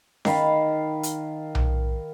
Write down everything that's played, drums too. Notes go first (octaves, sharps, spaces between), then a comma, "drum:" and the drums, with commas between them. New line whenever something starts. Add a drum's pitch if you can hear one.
D#3 F5 A5 B5, drum: snare C#4
drum: hi-hat
drum: tom B1